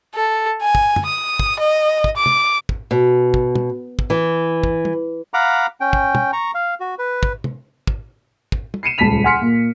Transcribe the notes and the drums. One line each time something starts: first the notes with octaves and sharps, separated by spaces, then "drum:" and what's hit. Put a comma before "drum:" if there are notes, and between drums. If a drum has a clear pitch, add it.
A4
G#5
drum: kick
drum: tom
D#6
drum: kick
D#5
drum: kick
D6
drum: tom
drum: kick
B2
drum: kick
drum: tom
drum: kick
E3
drum: kick
drum: tom
F5 F#5 A#5 B5 D6
C#4 G5
drum: kick
drum: tom
A#5 C#6
F5
F#4
B4
drum: kick
drum: tom
drum: kick
drum: kick
drum: tom
C7 C#7 D#7 E7
D#1 C#2 A5 B5 B6 F7
F#5 G#5 C6 F6 B6 C#7
A#2